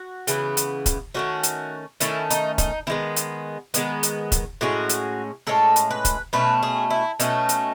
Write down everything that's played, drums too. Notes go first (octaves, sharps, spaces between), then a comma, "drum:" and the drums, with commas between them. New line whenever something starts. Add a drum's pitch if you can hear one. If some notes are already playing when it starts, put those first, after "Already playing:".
Already playing: F#4
C#3 E3 B3, drum: hi-hat
drum: hi-hat
drum: kick, hi-hat
D#3 A3 C#4 F#4
drum: hi-hat
D#3 A3 C#4 E4, drum: hi-hat
D#4, drum: hi-hat
D#4, drum: kick, hi-hat
D#3 G#3 B3 E4
drum: hi-hat
D#3 G#3 B3, drum: hi-hat
drum: hi-hat
drum: kick, hi-hat
A2 G#3 C#4 F#4
drum: hi-hat
A2 G#3 C#4 A4
drum: hi-hat
B4
drum: kick, hi-hat
B2 A3 C#4 B4
G#4
E4
B2 A3 C#4 D#4, drum: hi-hat
drum: hi-hat